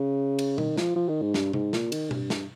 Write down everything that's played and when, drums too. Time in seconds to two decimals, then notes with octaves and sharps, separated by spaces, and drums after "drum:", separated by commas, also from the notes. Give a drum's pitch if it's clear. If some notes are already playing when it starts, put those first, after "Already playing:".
Already playing: C#3
0.39 drum: cymbal
0.58 D#3, drum: tom B2
0.77 F3, drum: snare
0.96 F3
1.09 D#3
1.22 G#2
1.34 G2, drum: snare
1.53 G#2, drum: tom C3
1.73 A#2, drum: snare
1.92 D#3, drum: cymbal
2.11 G2, drum: tom B2
2.30 drum: snare